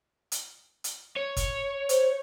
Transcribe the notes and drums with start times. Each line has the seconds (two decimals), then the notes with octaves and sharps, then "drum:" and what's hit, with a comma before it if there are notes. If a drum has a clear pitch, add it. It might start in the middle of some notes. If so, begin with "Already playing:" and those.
0.32 drum: hi-hat
0.84 drum: hi-hat
1.16 C#5
1.37 drum: kick, hi-hat
1.89 C5, drum: hi-hat